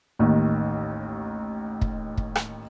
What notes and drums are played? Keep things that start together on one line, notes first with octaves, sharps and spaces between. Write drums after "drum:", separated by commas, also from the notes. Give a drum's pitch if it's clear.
A1 D#2 D#3
drum: kick
drum: kick
drum: rim click